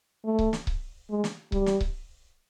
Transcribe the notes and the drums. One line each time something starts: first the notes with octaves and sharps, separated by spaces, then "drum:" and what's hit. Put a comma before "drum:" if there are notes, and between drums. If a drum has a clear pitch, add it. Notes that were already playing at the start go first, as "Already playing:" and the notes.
A3
drum: kick C#1
drum: snare
drum: kick C#1
G#3
drum: snare
G3, drum: kick C#1
drum: snare
drum: kick C#1